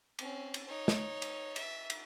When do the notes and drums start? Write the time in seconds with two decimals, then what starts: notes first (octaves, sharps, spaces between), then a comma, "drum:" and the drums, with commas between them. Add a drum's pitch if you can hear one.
0.19 C4 C#4, drum: cymbal
0.54 drum: cymbal
0.66 D#4 C#5
0.88 drum: snare
1.22 drum: cymbal
1.56 E5, drum: cymbal
1.90 drum: cymbal